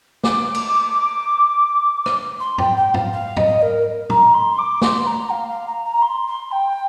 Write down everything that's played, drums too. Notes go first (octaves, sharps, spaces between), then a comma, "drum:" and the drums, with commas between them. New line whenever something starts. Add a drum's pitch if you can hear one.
D6, drum: snare
drum: cymbal
drum: rim click
C6
G5, drum: tom G#2
G5
F5, drum: tom G#2
F5
D#5, drum: tom G#2
A#4
A#5, drum: tom
C6
D6
C6, drum: snare
A#5
F5
F5
A#5
A#5
C6
C6
G5